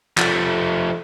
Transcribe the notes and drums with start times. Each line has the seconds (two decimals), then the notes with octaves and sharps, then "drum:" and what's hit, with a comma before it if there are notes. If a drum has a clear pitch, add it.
0.18 F3 A3, drum: clap